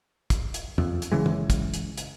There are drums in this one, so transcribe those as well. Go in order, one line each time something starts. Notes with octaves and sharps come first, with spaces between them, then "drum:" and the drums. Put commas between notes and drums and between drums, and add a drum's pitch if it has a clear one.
drum: kick, hi-hat
drum: hi-hat
F2, drum: tom
drum: hi-hat
F#1 C#3 E3 G#3
drum: tom
drum: kick, hi-hat
drum: hi-hat
drum: hi-hat